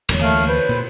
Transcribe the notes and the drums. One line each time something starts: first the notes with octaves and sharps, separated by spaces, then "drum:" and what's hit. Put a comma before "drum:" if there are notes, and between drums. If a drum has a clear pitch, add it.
D1 E2 G3, drum: cymbal
D2 E3 A3 A#3 F5
B4 C5
A#2